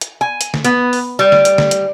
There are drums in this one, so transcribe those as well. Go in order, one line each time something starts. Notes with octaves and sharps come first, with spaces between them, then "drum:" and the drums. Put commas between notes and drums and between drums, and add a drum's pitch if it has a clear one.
drum: hi-hat
G#5
drum: hi-hat
drum: snare
B3, drum: hi-hat
drum: open hi-hat
G3
drum: snare
drum: hi-hat
drum: snare
drum: hi-hat